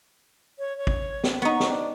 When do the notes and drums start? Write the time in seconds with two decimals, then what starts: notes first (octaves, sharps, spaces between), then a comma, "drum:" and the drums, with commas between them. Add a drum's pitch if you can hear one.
0.59 C#5
0.78 C#5
0.87 drum: kick A1
1.24 drum: snare
1.42 B3 D#4 C#6
1.60 drum: snare
1.69 D4